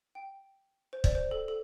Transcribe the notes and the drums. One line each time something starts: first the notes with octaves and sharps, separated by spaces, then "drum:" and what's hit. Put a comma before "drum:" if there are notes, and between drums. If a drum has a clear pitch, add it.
G5
C5
D5, drum: kick
C5
A4
A4